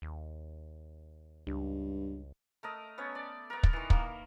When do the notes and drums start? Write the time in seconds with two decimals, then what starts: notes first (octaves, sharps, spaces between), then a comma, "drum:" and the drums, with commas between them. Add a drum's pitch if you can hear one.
0.02 D#2
1.47 C#2 G2
2.63 A3 A#4 D#5
2.98 B3 C#4 C#5
3.15 D5
3.50 B3 A#4
3.63 drum: kick
3.73 D#3 E3
3.90 A#3, drum: kick